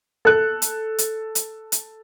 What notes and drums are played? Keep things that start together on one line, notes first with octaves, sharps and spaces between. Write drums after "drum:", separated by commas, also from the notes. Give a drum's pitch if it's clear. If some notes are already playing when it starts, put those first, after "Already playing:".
A4 F#6
drum: hi-hat
drum: hi-hat
drum: hi-hat
drum: hi-hat